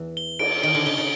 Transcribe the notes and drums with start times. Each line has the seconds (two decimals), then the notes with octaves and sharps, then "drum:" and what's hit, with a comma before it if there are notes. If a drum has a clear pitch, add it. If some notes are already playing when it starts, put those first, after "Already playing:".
Already playing: E2 E3
0.17 G7
0.39 D7, drum: cymbal
0.63 D#3 D7
0.74 D3
0.86 C#3 G7
0.98 C#3